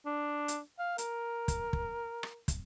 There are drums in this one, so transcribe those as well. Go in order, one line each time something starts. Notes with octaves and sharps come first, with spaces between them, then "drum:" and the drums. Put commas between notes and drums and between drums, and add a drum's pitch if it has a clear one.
D4
drum: hi-hat
F5
A#4, drum: hi-hat
drum: kick, hi-hat
drum: kick
drum: rim click
drum: kick, hi-hat